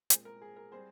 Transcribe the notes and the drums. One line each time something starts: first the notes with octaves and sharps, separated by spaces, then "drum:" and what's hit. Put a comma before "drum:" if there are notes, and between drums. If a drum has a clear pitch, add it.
A#2 G#3 C4 G#4 C5, drum: hi-hat
A#4
G#4
A#4
G3 C4 G#4 C5